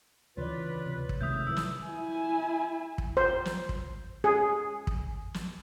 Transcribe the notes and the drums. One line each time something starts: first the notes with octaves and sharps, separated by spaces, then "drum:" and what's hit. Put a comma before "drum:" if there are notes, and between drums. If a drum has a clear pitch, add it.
D2 C#3 E3 F4 B4 C#5 D5
C3
drum: kick
C3 D#3 G#3 A3 C4 E5 D#6 G6
F3 E4 B4 E6
drum: snare
E4 G#5
drum: kick
C5
drum: snare
drum: kick
G#4
drum: kick
drum: snare